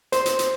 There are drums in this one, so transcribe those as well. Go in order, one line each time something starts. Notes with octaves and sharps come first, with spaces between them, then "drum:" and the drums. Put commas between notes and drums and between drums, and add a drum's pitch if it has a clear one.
C5, drum: hi-hat
drum: hi-hat
drum: hi-hat